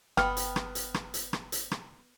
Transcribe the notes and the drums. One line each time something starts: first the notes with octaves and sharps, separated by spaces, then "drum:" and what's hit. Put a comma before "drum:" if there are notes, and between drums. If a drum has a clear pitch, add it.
G1 B3 G5 F6, drum: rim click
drum: hi-hat
drum: rim click
drum: hi-hat
drum: rim click
drum: hi-hat
drum: rim click
drum: hi-hat
drum: rim click